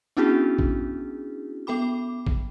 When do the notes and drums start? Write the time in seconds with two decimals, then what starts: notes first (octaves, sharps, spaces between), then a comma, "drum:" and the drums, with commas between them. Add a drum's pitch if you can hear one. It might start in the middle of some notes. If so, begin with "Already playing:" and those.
0.17 B3 C#4 D4 E4 F#4 G#4
0.59 drum: kick A1
1.67 B3 A4 G5 B5 D6
2.27 drum: kick A1